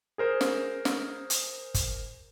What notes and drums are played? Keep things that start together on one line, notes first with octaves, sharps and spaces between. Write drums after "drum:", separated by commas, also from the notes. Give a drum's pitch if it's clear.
G#4 A#4 C5
drum: snare
drum: snare
drum: hi-hat
drum: kick G1, hi-hat